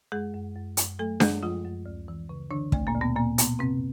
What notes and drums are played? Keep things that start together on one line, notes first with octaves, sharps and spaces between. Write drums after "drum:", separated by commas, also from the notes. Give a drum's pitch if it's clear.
F#2 G#3 G#4
F#2
F#2
F#2, drum: hi-hat
F#3 A3 A4
F#2 G#3 G#4, drum: snare D4
F#2 F3 F4
F#2
D2
E3
C#3
D3 E3 D4
D2 A3, drum: kick
A#2 A#3
D2
B2 B3
D2 A#2 A#3
D2 B2 B3, drum: hi-hat
F#2 C3 C4